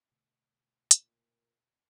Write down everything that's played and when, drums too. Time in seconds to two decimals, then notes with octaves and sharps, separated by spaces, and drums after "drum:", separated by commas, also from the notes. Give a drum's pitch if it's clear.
0.11 B2 D3 A3
0.91 A#2, drum: hi-hat